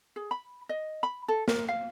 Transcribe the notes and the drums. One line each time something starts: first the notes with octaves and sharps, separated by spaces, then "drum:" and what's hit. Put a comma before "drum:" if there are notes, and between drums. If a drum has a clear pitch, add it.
G#4
B5
D#5
B5
A4
A#4, drum: snare A#3
F5